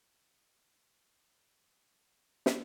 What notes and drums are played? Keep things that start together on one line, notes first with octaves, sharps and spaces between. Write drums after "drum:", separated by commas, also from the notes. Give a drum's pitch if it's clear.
D#5
F5
A4
A2
G#5
drum: snare